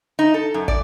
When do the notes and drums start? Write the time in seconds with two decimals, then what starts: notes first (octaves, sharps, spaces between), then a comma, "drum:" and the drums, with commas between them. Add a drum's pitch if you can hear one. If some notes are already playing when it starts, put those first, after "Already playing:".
0.19 D#4
0.34 A4
0.54 F#2
0.68 D5, drum: kick